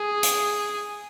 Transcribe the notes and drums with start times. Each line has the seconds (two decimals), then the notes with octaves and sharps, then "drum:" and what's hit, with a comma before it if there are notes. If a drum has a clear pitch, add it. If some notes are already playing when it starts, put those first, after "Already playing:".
Already playing: G#4
0.23 drum: hi-hat